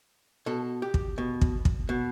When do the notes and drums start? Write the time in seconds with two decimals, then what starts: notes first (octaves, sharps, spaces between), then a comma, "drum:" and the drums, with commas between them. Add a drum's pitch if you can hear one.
0.46 B2 A4
0.82 G4
0.94 drum: kick
1.18 B2
1.41 drum: kick
1.65 drum: kick
1.89 B2